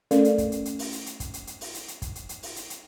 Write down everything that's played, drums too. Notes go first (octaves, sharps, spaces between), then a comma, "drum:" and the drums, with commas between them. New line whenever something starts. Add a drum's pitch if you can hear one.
A3 C#4 A4 A#4 D5 F5, drum: hi-hat
drum: hi-hat
drum: kick, hi-hat
drum: hi-hat
drum: hi-hat
drum: open hi-hat
drum: hi-hat
drum: hi-hat
drum: kick, hi-hat
drum: hi-hat
drum: hi-hat
drum: open hi-hat
drum: hi-hat
drum: hi-hat
drum: kick, hi-hat
drum: hi-hat
drum: hi-hat
drum: open hi-hat
drum: hi-hat
drum: hi-hat